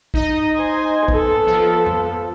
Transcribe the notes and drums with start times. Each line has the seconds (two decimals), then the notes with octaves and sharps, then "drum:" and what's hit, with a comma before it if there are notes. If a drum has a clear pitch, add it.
0.14 D#4 D#5, drum: kick
0.56 C5 G#5
1.08 B3 A4, drum: kick
1.46 F3
1.87 drum: tom F2